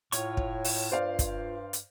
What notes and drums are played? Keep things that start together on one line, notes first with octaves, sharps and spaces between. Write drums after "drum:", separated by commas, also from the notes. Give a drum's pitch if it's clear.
A2 F4 C#5 C#6, drum: hi-hat
drum: kick
drum: open hi-hat
G2 C5 D5 F5
drum: kick, hi-hat
drum: hi-hat